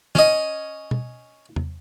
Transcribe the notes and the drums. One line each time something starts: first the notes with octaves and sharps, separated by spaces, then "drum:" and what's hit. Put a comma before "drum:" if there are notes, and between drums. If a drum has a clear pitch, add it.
C#4 D#5, drum: snare
drum: tom
drum: tom E2